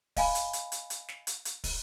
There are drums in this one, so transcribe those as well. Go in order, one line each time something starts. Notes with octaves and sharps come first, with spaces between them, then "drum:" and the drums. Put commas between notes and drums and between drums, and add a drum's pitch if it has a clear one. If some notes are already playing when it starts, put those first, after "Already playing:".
D#5 F5 G#5 B5, drum: kick, open hi-hat
drum: hi-hat
drum: hi-hat
drum: hi-hat
drum: hi-hat
drum: snare
drum: hi-hat
drum: hi-hat
drum: kick, open hi-hat